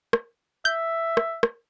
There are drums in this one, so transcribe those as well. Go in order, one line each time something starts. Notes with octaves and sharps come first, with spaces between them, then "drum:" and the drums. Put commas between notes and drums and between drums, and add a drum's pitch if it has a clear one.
drum: rim click
E5 G6
drum: rim click
drum: rim click